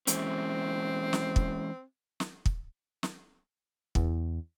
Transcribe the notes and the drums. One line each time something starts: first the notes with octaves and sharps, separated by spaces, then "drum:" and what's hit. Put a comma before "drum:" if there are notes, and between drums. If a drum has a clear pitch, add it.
E3 G#3 C4 C#4, drum: hi-hat
drum: snare
drum: kick
drum: snare
drum: kick
drum: snare
E2, drum: kick